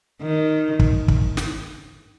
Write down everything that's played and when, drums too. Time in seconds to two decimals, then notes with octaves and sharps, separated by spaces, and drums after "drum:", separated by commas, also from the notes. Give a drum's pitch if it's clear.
0.22 D#3
0.79 drum: kick
1.08 drum: kick
1.37 drum: snare